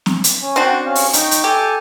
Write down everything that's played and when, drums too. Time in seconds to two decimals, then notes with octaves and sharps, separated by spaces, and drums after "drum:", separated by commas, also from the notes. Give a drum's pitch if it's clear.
0.06 drum: snare C4
0.24 drum: hi-hat
0.42 C#4
0.56 C4 D4 F#4 F#5 G5
0.86 C#4 F5
0.95 drum: open hi-hat
1.13 D#4 G5 C#6, drum: hi-hat
1.31 drum: hi-hat
1.44 G4 A4 G#5